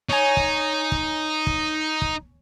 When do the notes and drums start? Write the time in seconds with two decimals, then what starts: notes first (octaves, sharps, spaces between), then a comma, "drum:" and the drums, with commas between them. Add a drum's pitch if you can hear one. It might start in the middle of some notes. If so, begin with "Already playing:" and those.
0.09 D#4 C#5 G#5
0.37 drum: kick
0.92 drum: kick
1.47 drum: kick
2.02 drum: kick